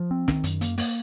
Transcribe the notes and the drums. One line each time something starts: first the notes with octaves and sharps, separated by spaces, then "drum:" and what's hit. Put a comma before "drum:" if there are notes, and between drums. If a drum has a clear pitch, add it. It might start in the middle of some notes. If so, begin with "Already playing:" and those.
Already playing: F3
C4
D#3, drum: snare
F#2, drum: hi-hat
A#3, drum: hi-hat
A#3, drum: open hi-hat